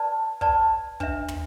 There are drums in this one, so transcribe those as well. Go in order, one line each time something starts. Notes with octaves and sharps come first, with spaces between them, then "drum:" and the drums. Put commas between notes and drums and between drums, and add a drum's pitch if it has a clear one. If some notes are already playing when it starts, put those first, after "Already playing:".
Already playing: B4 D5 A5
B4 D5 A5, drum: kick
D4 B4 E5, drum: kick
drum: tom